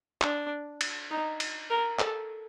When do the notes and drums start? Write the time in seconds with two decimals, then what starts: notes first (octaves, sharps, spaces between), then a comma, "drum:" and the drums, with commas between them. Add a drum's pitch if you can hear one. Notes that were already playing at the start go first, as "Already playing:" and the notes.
0.22 D4, drum: clap
0.81 drum: cymbal
1.10 D#4
1.40 drum: cymbal
1.70 A#4
1.99 A4, drum: clap